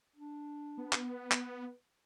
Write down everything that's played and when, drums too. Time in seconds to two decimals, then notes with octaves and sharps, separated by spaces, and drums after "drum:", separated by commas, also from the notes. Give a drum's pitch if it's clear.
0.16 D4
0.78 B3
0.93 drum: clap
1.12 B4
1.32 drum: clap